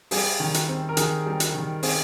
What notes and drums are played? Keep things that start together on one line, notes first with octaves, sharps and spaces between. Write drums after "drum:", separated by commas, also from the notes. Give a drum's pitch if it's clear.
G3 G#4, drum: open hi-hat
D#3
drum: hi-hat
C4
A#4
D#3 G#4, drum: hi-hat
G3
drum: hi-hat
D#3
C4 G#4, drum: open hi-hat